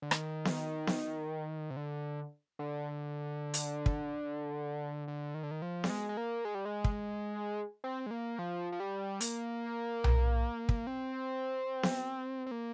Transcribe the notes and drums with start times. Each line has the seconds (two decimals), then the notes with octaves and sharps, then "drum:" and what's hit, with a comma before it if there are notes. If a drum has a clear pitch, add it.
0.02 D3
0.11 D#3, drum: rim click
0.45 drum: snare B3
0.87 drum: snare B3
1.70 C3
1.77 D3
2.59 D3
3.54 drum: hi-hat
3.86 drum: kick
5.08 D3
5.35 D#3
5.43 D3
5.51 D#3
5.62 F3
5.84 G3, drum: snare B3
5.90 G#3
6.09 G#3
6.17 A#3
6.45 G#3
6.55 G3
6.65 G#3
6.84 drum: kick
7.84 C4
8.06 G#3
8.11 A#3
8.39 F3
8.72 F3
8.80 G3
9.21 A#3, drum: hi-hat
10.04 drum: tom B1
10.69 drum: kick
10.87 C4
11.83 drum: snare B3
12.47 C4
12.51 A#3